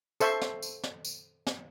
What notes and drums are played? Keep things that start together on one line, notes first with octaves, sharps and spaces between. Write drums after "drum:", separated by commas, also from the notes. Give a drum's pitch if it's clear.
A4 C5 E5 C#6, drum: tambourine
drum: snare
drum: tambourine
drum: snare
drum: tambourine
drum: snare